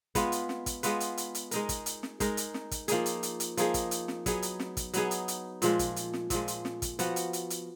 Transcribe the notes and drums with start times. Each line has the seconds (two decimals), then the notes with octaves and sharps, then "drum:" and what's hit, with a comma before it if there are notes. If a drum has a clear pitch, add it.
0.15 G#3 B3 F4 B4, drum: kick, hi-hat
0.32 drum: hi-hat
0.49 drum: snare
0.66 drum: kick, hi-hat
0.83 G#3 B3 F4 B4, drum: hi-hat
1.00 drum: hi-hat
1.17 drum: hi-hat
1.35 drum: hi-hat
1.51 G#3 D#4 A#4, drum: hi-hat
1.69 drum: kick, hi-hat
1.86 drum: hi-hat
2.03 drum: snare
2.20 G#3 D#4 A#4, drum: kick, hi-hat
2.37 drum: hi-hat
2.54 drum: snare
2.71 drum: kick, hi-hat
2.88 F3 A#3 D#4 G#4, drum: hi-hat
3.06 drum: hi-hat
3.23 drum: hi-hat
3.40 drum: hi-hat
3.57 F3 A#3 D#4 G#4, drum: hi-hat
3.74 drum: kick, hi-hat
3.91 drum: hi-hat
4.08 drum: snare
4.26 F#3 B3 D#4 G#4, drum: kick, hi-hat
4.42 drum: hi-hat
4.60 drum: snare
4.77 drum: kick, hi-hat
4.94 F#3 B3 D#4 G#4, drum: hi-hat
5.11 drum: hi-hat
5.28 drum: hi-hat
5.62 A#2 F3 G#3, drum: hi-hat
5.79 drum: kick, hi-hat
5.96 drum: hi-hat
6.13 drum: snare
6.30 A#2 F3 G#3, drum: kick, hi-hat
6.48 drum: hi-hat
6.65 drum: snare
6.82 drum: kick, hi-hat
6.99 F3 B3 F#4, drum: hi-hat
7.16 drum: hi-hat
7.33 drum: hi-hat
7.50 drum: hi-hat